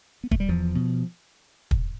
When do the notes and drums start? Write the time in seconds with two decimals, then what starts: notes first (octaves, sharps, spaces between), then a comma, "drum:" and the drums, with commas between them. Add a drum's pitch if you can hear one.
0.24 B3
0.31 A3, drum: kick
0.40 G3
0.49 E2 F3
0.75 B2
1.71 drum: kick